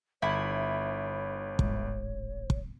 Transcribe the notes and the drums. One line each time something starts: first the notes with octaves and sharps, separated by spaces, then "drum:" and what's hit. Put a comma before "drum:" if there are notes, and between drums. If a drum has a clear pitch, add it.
G1 E4 C#5 B5
D1 G#1, drum: kick
drum: kick